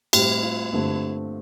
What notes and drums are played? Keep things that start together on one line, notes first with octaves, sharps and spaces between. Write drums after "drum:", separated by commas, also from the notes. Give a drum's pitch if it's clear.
A2 G3 C4 G4, drum: cymbal
F4
G2 D3 A3 C4